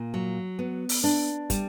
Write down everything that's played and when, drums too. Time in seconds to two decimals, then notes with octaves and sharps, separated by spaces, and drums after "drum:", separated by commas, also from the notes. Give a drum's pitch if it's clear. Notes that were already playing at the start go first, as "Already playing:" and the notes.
Already playing: A#2
0.14 F#3
0.59 B3
0.89 drum: open hi-hat
1.04 D4
1.50 G3, drum: kick, hi-hat